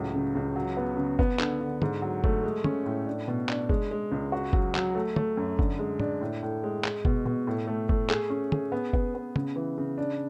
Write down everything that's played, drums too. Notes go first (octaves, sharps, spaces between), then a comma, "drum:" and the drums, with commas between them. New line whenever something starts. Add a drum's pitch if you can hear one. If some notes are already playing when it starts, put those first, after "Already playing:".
Already playing: C#2 A2 F#3
C#3
C#2
F#3
B3
C#3
B3, drum: kick F#1
D3, drum: clap
D3
G#2, drum: tom
F#3
A3, drum: kick F#1
G#3
C#4, drum: tom
A2
D4
B2
D4, drum: clap
G#3, drum: kick F#1
G#3
C#2
F#4
F#3, drum: kick F#1
F#3, drum: clap
A3
A3, drum: tom
F#2
D3, drum: kick F#1
G#3
D4, drum: tom
A2
A2
G#3
G#3, drum: clap
B2, drum: kick F#1
B2
A2
A3
A3, drum: kick F#1
G#4, drum: clap
C#4
G#4, drum: tom
B3
B3, drum: kick F#1
B3
C#3, drum: tom
E3
C#3
D4